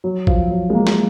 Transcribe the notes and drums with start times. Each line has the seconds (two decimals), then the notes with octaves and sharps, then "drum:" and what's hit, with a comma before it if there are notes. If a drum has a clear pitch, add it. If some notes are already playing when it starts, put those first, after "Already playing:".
0.04 F#3
0.27 F3, drum: kick A1
0.50 F#3
0.70 G#3
0.74 A#3
0.87 drum: snare